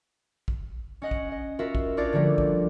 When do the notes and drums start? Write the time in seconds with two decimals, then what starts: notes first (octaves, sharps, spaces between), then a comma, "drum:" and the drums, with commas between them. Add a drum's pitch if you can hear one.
0.48 drum: kick
1.02 C#4 D#5 F#5
1.11 drum: kick
1.31 D#5
1.59 F4 F#4 A#4 E5
1.75 drum: kick
1.97 D4 F4 A#4 C#5 D5
2.13 D3 F3 G3 A3 A#3
2.38 drum: kick